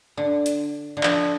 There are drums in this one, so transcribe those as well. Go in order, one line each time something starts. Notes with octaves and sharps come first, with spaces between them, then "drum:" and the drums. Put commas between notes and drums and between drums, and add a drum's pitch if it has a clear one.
D3
drum: hi-hat
D3
F3, drum: clap